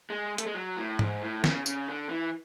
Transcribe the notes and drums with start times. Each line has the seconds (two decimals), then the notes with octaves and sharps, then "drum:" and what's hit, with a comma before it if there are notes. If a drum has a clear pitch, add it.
0.10 G#3
0.38 A3, drum: hi-hat
0.46 G#3
0.54 F#3
0.77 A2
0.99 G#2, drum: tom G#2
1.21 A2
1.44 C#3, drum: snare
1.66 C#3, drum: tambourine
1.88 D3
2.09 E3